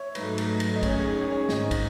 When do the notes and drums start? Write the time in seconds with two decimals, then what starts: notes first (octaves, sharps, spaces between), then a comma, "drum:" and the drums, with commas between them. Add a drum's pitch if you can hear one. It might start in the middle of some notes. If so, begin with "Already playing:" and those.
Already playing: C#5 E5
0.15 G#2 F#3 A3 D#4 B4, drum: cymbal
0.38 drum: cymbal
0.60 drum: cymbal
0.76 D#5
0.83 D#3 G#3 C#4 G#4 C#5, drum: kick, cymbal
1.16 C#5
1.32 C#5
1.49 G#1 G#2 D#3 D#5, drum: snare
1.71 drum: kick, cymbal